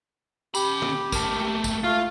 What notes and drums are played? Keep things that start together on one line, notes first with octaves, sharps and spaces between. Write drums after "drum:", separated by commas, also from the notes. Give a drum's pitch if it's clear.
C#4 G4 B5, drum: tambourine
drum: tom
A3 A#3, drum: kick, tambourine
drum: kick, tambourine
A3 F4 F5